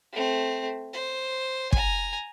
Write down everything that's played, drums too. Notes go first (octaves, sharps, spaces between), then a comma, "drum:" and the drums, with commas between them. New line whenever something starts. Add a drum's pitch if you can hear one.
A3 C4
C5
G#5 A#5, drum: kick